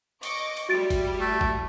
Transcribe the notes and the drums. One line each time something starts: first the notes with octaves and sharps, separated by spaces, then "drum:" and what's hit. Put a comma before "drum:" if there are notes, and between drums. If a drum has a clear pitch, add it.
D#5 C#6 D6, drum: cymbal
drum: cymbal
G3 E4 F#4 A6 D7
drum: kick G1, cymbal
A3
drum: kick G1